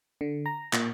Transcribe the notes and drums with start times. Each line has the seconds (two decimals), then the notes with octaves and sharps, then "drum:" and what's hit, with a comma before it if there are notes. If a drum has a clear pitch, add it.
0.21 D3
0.46 A#5
0.73 A#2, drum: clap